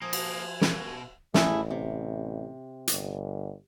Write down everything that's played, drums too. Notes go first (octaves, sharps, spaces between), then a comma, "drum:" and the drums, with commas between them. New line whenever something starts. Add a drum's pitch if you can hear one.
F3 A#3 A4 G#5 D#6
drum: cymbal
B2 A#4, drum: snare
A1 A3 E4 G#4, drum: snare
C3
G1, drum: hi-hat